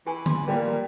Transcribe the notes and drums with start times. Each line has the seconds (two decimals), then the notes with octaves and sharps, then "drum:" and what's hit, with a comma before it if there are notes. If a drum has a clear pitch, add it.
0.07 E3 G4 G#5
0.26 C6 D6, drum: tom D3
0.48 A#2 G3 A#4 F5